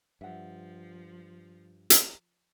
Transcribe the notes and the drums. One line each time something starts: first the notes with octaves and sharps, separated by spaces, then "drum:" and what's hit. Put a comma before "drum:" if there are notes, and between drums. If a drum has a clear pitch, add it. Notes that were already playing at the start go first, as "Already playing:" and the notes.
G2 F3 E5 F#5
drum: hi-hat